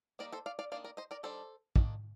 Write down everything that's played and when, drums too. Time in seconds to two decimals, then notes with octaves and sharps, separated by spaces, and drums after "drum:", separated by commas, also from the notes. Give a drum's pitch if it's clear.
0.19 G3 A#3 D#4 A#4 D5
0.32 A4 C5
0.46 D5 F5
0.59 D5 F5
0.72 D#3 A#3 D4 D5 F5
0.84 A#4 D5
0.97 C5 D#5
1.11 A#4 D5
1.23 D#3 G3 D4 A4 C5
1.76 D#3 A#3 D4, drum: kick